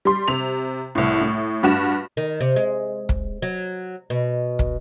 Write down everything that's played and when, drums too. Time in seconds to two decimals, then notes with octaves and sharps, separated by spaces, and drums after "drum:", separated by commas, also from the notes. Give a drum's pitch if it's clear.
0.05 G3 C6
0.28 C3 F7
0.95 C2 A2
1.21 A2
1.63 G2 F#4 E7
2.17 D#3
2.41 C3
2.56 G#3
3.09 drum: kick
3.42 F#3
4.10 B2
4.59 drum: kick